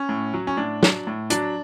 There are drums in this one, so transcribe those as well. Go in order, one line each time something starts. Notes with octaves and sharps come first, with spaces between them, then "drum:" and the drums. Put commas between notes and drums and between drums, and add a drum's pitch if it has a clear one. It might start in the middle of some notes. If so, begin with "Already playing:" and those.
Already playing: C#4
A2
F#3
C#4
A2 D4
F#3, drum: snare
A2
F#3 D4, drum: hi-hat